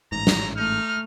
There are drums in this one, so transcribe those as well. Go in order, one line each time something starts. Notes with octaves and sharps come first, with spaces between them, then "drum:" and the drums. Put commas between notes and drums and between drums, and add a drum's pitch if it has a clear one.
A1 G#2 A#5
drum: snare
A3 D#4 F6